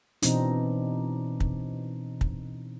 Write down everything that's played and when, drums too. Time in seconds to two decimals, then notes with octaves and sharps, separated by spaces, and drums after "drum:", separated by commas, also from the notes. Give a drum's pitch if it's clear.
0.22 B2 E3 C4 D4 D#4, drum: hi-hat
1.40 drum: kick
2.21 drum: kick